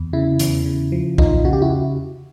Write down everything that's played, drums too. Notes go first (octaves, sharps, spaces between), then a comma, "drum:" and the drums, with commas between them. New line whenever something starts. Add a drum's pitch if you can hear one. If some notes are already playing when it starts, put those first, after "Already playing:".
Already playing: E2
C#3 E4
E2, drum: hi-hat
C#3
F3
E2 D#4 F4, drum: kick B1
C#3 F#4
G4
E4 F#4